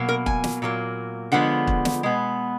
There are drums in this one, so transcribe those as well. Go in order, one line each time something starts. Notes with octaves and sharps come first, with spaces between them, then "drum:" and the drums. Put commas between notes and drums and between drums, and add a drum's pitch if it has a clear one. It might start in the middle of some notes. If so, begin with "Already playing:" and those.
Already playing: B2 F#3 A#3
A#4
G#5, drum: kick
drum: snare
A#2 F#3 A#3
D3 F3 G#3 B3 F#5
drum: kick
drum: snare
B2 G#3 B3